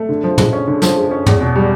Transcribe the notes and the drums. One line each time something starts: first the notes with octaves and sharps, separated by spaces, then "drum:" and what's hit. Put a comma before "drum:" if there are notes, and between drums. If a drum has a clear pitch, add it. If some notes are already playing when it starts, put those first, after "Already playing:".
Already playing: A3
D3
F3
G#3, drum: tom
C#4
D3
F3, drum: snare
G#3
C#4
E2, drum: tom
B2
G3